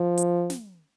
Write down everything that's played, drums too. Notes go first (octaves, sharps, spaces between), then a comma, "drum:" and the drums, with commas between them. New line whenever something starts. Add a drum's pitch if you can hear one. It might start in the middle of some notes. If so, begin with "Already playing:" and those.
Already playing: F3
drum: hi-hat
drum: snare